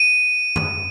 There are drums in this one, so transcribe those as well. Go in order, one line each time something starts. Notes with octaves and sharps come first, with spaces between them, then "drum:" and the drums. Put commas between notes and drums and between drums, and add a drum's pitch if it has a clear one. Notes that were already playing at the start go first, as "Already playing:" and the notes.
Already playing: D#7
drum: tom F#2